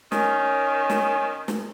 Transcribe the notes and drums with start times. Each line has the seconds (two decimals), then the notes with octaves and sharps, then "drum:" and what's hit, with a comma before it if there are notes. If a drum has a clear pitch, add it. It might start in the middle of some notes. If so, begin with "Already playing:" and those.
0.12 D#3 C#4, drum: snare
0.90 drum: snare
1.48 drum: snare